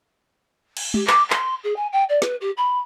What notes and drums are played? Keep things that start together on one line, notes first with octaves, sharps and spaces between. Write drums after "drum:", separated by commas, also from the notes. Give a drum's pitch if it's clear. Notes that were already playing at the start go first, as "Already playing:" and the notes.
drum: cymbal
G4, drum: tom
D6, drum: clap
C6, drum: clap
G#4
G#5
G5
D5
B4, drum: snare
G4
B5